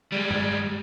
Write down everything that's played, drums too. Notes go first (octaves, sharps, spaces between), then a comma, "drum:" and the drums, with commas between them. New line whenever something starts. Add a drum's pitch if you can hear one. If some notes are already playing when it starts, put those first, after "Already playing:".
G3 G#3
drum: tom